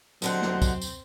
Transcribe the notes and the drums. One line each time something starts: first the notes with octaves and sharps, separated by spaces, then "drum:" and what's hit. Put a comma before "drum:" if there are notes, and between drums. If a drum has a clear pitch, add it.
D#2 D3 F#3 C4 F#5, drum: tambourine
drum: snare
drum: kick, tambourine
drum: tambourine